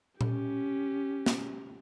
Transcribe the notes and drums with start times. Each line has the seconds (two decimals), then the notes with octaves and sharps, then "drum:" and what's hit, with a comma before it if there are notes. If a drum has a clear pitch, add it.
0.21 C#4 G4, drum: tom A#2
1.26 drum: snare